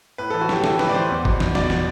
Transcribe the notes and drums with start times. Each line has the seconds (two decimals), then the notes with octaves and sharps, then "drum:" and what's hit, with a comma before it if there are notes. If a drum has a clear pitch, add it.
0.18 A2 B4
0.30 E3 A4
0.41 F#4
0.49 A2 G4, drum: snare
0.64 E3 A4, drum: snare
0.79 A2 B4, drum: snare
0.89 D5
0.94 E3 C5
1.10 E2
1.25 B2, drum: kick F#1
1.40 E2, drum: snare
1.55 B2 D5, drum: snare
1.70 drum: snare